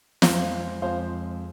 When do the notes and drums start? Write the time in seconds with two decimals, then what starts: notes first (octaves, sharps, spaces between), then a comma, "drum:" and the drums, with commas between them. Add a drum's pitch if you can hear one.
0.22 F2 F3 G#3 C5 F5, drum: snare
0.82 F2 F3 G#3 C5 F5